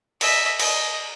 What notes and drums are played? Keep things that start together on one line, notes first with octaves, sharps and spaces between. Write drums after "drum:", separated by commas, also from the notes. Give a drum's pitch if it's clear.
D#5 E5, drum: cymbal
D#5, drum: cymbal